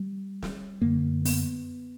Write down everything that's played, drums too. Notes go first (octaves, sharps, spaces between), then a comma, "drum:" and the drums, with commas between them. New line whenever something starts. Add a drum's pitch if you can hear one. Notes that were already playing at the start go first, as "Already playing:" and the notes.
Already playing: G3
drum: snare
F#2 D3 A#3
B3, drum: open hi-hat